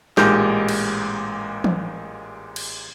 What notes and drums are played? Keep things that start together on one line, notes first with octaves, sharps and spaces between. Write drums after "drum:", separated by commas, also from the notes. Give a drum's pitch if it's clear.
A1 A#2 G#3 G4 A#4 G6, drum: snare
drum: cymbal
drum: tom E3
drum: cymbal